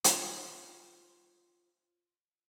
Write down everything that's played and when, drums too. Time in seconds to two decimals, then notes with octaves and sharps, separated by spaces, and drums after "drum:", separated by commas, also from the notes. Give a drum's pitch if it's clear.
0.04 F4 C5 C#5 F#5, drum: hi-hat